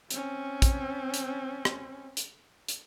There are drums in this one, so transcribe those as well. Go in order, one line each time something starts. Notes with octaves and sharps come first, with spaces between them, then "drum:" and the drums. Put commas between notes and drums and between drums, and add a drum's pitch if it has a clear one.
C4 C#4, drum: hi-hat
drum: kick, hi-hat
drum: hi-hat
drum: rim click
drum: hi-hat
drum: hi-hat